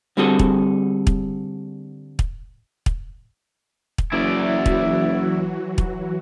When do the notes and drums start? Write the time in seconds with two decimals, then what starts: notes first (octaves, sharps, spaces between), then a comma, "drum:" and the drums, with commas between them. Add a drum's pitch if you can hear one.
0.17 D3 G3 C4 F#4 G#4 A4
0.39 drum: kick
1.07 drum: kick
2.19 drum: kick
2.86 drum: kick
3.98 drum: kick
4.12 F#1 E3 F#3 E4 F#4 D5
4.66 drum: kick
5.78 drum: kick